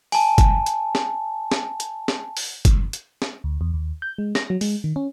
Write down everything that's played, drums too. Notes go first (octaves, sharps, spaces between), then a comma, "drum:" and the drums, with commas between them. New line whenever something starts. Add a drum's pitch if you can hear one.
G#5 A5, drum: open hi-hat
drum: kick F#1, hi-hat
drum: hi-hat
drum: snare
drum: snare
drum: hi-hat
drum: snare
drum: open hi-hat
drum: kick F#1, hi-hat
drum: hi-hat
drum: snare
D2
E2
D#2
G6
G#3
A#6, drum: snare
F#3
G#3, drum: open hi-hat
D#3
C#4